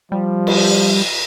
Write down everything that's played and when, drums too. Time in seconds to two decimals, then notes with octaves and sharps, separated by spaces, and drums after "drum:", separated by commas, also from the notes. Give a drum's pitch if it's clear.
0.12 F3 G3
0.47 drum: cymbal